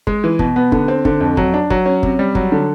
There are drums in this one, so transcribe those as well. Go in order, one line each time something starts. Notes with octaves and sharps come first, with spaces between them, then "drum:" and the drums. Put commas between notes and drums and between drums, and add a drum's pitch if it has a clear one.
G#3, drum: kick
E3
B2, drum: kick
B3
D3, drum: kick
C4
D3, drum: kick
F2
F#3, drum: kick
D4
F#3, drum: kick
C#4
C3, drum: kick
G3
F#3, drum: kick
D3